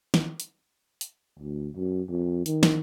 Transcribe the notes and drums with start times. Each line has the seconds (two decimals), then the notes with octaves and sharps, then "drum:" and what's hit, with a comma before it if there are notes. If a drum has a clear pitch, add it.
0.14 drum: snare
0.40 drum: hi-hat
1.01 drum: hi-hat
1.39 D2
1.76 F#2
2.10 F2
2.46 D#3, drum: hi-hat
2.63 drum: snare